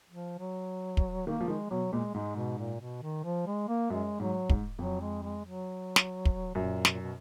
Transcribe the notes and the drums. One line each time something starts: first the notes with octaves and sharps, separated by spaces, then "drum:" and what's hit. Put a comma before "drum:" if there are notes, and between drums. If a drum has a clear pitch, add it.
F3
F#3
drum: kick
D#3 A#3
F3
D#3 G#3
B2 F#3
A#2 G#3
G#2 G#3
B2
A#2
B2
D#3
F3
G#3
A#3
F#2 G#3
G#2 F#3
G#2, drum: kick
F2 F#3
G#3
G#3
F#3
drum: snare
drum: kick
F#2 A#2
B2, drum: snare
A#2
B2